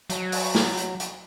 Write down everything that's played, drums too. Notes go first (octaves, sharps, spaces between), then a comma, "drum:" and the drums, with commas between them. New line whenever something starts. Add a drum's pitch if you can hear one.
F#3, drum: hi-hat
drum: open hi-hat
drum: snare
drum: hi-hat
drum: hi-hat